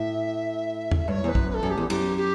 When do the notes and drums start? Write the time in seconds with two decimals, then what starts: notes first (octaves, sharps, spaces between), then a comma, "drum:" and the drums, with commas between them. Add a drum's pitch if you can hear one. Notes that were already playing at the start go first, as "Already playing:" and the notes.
Already playing: A2 E5
0.91 drum: tom E2
1.08 G2 C#5
1.24 E2 B4
1.35 F#2, drum: kick
1.49 B4
1.54 A4
1.63 F#2
1.70 G4
1.77 E2
1.90 F#2 G4, drum: cymbal
2.17 G4